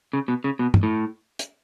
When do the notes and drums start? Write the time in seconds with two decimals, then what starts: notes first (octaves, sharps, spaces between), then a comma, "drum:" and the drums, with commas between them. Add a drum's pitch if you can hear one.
0.13 C#3
0.28 B2
0.44 C#3
0.59 B2
0.74 drum: tom
0.83 A2
1.39 drum: hi-hat